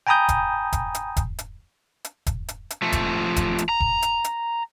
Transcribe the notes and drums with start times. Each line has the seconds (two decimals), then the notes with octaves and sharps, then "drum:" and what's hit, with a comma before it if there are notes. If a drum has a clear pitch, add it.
0.07 G5 G#5 A#5 B5 D#6 G6
0.29 drum: kick E1, hi-hat
0.73 drum: kick E1, hi-hat
0.95 drum: hi-hat
1.17 drum: kick E1, hi-hat
1.39 drum: hi-hat
2.04 drum: hi-hat
2.26 drum: kick E1, hi-hat
2.48 drum: hi-hat
2.70 drum: hi-hat
2.82 F3 A3
2.92 drum: kick E1, hi-hat
3.36 drum: kick E1, hi-hat
3.58 drum: hi-hat
3.69 A#5
3.80 drum: kick E1
4.02 drum: hi-hat
4.24 drum: hi-hat